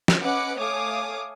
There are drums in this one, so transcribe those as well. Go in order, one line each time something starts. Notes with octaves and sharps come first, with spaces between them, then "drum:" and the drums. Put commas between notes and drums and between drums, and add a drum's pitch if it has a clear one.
drum: snare
C#4 B4 D#5 F#5 D6 C#7
A3 C#5 F5 G#5 D6 D#6